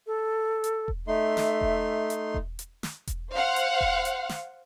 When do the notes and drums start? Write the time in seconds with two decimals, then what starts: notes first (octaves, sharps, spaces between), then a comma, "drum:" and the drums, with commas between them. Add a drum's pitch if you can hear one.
0.07 A4
0.64 drum: hi-hat
0.88 drum: kick E1
1.08 A3 D#4 E5 C6
1.37 drum: snare
1.61 drum: kick E1
2.10 drum: hi-hat
2.34 drum: kick E1
2.59 drum: hi-hat
2.83 drum: snare
3.07 drum: kick E1, hi-hat
3.32 C5 F5 F#5
3.56 drum: hi-hat
3.81 drum: kick E1
4.05 drum: hi-hat
4.29 drum: snare